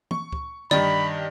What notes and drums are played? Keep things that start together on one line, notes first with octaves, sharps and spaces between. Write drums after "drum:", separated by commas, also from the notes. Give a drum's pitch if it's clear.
C#6, drum: tom
drum: kick C#2
G2 D#3 D#4 D5 B5, drum: tom D3